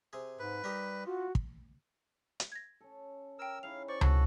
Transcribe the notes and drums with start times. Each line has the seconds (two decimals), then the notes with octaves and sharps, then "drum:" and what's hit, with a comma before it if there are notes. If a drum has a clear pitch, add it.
0.13 C3 G#4
0.39 G#2 B4
0.64 G3 D#4 G4 A#4
1.06 F4 F#4
1.35 drum: kick
2.40 drum: hi-hat
2.52 G#6 A#6
2.81 C#4 A4
3.39 A#4 C#5 G5 E6
3.63 C#3 D#4 E4 F5 F7
3.89 C5 D5 C#6
4.01 F#4 A4, drum: tom C#2